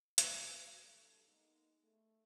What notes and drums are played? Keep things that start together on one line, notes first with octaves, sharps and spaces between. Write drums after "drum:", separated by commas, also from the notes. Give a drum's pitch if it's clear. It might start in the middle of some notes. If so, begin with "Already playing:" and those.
D2 F#3, drum: hi-hat
G3 D4 A4
G#3 A#3 B3 D#4
A3